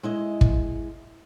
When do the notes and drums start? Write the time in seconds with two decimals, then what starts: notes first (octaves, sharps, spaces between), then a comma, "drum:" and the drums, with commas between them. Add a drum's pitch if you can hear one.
0.03 G#3 E4 D#5
0.41 drum: kick